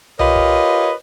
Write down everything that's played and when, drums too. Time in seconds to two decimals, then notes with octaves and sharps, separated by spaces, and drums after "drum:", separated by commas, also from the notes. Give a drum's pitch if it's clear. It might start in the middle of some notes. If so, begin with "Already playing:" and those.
0.19 F4 G4 A#4 B4 C#5 D#5, drum: tom C2
0.36 drum: kick